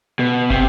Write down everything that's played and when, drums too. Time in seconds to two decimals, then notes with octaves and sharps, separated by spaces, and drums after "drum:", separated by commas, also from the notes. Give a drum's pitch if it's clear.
0.19 B2
0.50 C3, drum: kick